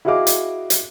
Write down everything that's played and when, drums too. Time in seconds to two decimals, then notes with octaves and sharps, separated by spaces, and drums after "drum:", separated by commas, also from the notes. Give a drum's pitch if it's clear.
0.05 E4 F#4 G#4 D#5 F5 D6
0.27 drum: hi-hat
0.70 drum: hi-hat